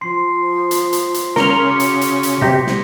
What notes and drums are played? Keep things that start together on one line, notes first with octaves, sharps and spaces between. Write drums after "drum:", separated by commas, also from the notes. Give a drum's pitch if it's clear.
F3 C6 C7
drum: hi-hat
drum: hi-hat
drum: hi-hat
C#3 A#4 C6 F6 C#7 G7, drum: snare
F#4 D6 C#7
drum: hi-hat
drum: hi-hat
drum: hi-hat
B1 C3 G4 A#6 B6
drum: snare